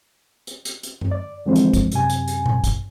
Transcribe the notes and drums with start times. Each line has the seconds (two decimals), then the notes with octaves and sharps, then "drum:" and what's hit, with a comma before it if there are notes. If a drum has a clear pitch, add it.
0.47 drum: hi-hat
0.65 drum: hi-hat
0.83 drum: hi-hat
1.01 drum: tom F#2
1.11 D5
1.46 D3 E3 F3 G#3 C4 C5
1.55 drum: hi-hat
1.73 drum: kick, hi-hat
1.92 F#2 C3 G#5, drum: hi-hat
2.10 drum: hi-hat
2.28 drum: hi-hat
2.46 drum: tom A#2
2.64 drum: kick, hi-hat